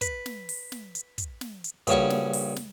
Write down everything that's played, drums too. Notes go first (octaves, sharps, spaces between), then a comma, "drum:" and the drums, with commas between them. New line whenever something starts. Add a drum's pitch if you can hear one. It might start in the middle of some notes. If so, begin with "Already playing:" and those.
B4, drum: kick, hi-hat
drum: snare
drum: open hi-hat
drum: snare
drum: hi-hat
drum: kick, hi-hat
drum: snare
drum: hi-hat
A#1 G2 C#3 C#4 F#4 C#6, drum: kick, hi-hat
drum: snare
drum: open hi-hat
drum: snare